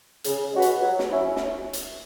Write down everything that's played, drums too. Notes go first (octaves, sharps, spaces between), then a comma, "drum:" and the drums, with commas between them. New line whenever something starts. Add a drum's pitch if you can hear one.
C#3, drum: hi-hat
G#3 C#4 F#4 B4
drum: hi-hat
F#3
drum: snare
C#4 E4
drum: snare
drum: hi-hat